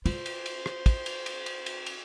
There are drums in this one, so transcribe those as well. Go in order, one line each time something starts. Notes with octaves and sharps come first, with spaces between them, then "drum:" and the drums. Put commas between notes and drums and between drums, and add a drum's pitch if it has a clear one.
F4 C5, drum: cymbal
drum: cymbal
drum: cymbal
drum: rim click
drum: kick, cymbal
drum: cymbal
drum: cymbal
drum: cymbal
drum: cymbal
drum: cymbal